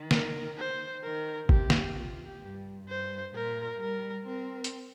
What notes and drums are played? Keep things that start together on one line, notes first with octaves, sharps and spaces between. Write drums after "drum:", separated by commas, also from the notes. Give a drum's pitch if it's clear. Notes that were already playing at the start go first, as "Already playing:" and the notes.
Already playing: D#3
A#4, drum: snare
C5
D#3 A#4
C3 G4, drum: kick G#1
drum: snare
F4
G4
G2
G2 C5
A#2 A#4
G3 A#4
C4 A#4
drum: hi-hat